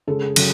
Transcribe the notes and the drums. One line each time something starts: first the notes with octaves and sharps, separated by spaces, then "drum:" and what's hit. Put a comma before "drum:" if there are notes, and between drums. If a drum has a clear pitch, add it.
C#3 G#3 A4
G#4
C#3 F#3 A4, drum: cymbal